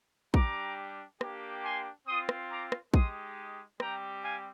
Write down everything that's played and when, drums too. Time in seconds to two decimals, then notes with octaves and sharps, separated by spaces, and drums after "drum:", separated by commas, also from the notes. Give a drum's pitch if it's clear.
0.34 G3 D4 G4 A#5 D6, drum: kick
1.21 A#3 D4 G4, drum: rim click
1.64 G#5 C6
2.07 C4 F4 C6 D#6
2.29 drum: rim click
2.50 A#5 D6
2.72 drum: rim click
2.94 G#3 D#4 G4 C6 D#6, drum: kick
3.80 G3 C4 G4 G5 A#5, drum: rim click
4.23 F5 G#5